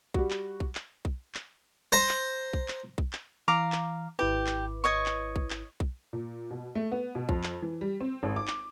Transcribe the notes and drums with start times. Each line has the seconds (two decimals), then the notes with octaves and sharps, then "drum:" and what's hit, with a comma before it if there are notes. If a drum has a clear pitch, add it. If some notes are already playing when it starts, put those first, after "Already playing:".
0.14 G3 F#4, drum: kick B1
0.31 drum: clap
0.60 drum: kick B1
0.75 drum: clap
1.05 drum: kick B1
1.35 drum: clap
1.92 C5 A#5
2.09 drum: clap
2.53 drum: kick B1
2.68 drum: clap
2.98 drum: kick B1
3.13 drum: clap
3.48 E3 F5 A#5 D6
3.72 drum: clap
4.19 G#1 E4 G4 B4
4.46 drum: clap
4.84 C#5 D#5 C#6
5.06 drum: clap
5.36 drum: kick B1
5.50 drum: clap
5.80 drum: kick B1
6.13 A#2
6.51 B2
6.75 A3
6.92 B3
7.15 B2
7.29 F2, drum: kick B1
7.44 drum: clap
7.62 E3
7.81 G3
8.00 C4
8.23 G#1
8.36 D6
8.48 drum: clap